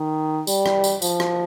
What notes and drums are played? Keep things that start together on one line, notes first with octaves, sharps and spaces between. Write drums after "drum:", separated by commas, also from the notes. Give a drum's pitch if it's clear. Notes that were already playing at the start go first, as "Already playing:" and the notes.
Already playing: D#3
G3, drum: tambourine
drum: rim click
drum: tambourine
F3, drum: tambourine
drum: rim click